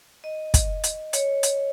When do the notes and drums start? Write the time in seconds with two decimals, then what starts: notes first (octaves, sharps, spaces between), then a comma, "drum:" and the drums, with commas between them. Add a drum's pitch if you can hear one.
0.24 D#5
0.54 drum: kick, hi-hat
0.84 drum: hi-hat
1.13 C#5, drum: hi-hat
1.43 drum: hi-hat